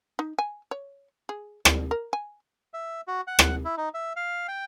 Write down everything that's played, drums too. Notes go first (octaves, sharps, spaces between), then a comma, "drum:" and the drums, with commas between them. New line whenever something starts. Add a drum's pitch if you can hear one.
D#4
G#5
C#5
G#4
D5, drum: rim click
A#4
G#5
E5
F#4
F#5
drum: rim click
E4
D#4
E5
F5
G5